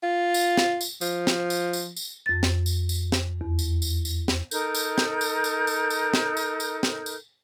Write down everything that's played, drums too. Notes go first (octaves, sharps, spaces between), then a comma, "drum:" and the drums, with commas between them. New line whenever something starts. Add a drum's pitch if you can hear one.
F4
drum: tambourine
drum: snare
drum: tambourine
F3, drum: tambourine
drum: snare
drum: tambourine
drum: tambourine
drum: tambourine
F2 A6
drum: snare
drum: tambourine
drum: tambourine
drum: snare
E2
drum: tambourine
drum: tambourine
drum: tambourine
drum: snare
D#4 A4 A#4 G6, drum: tambourine
drum: tambourine
drum: snare
drum: tambourine
drum: tambourine
drum: tambourine
drum: tambourine
drum: snare
drum: tambourine
drum: tambourine
drum: snare
drum: tambourine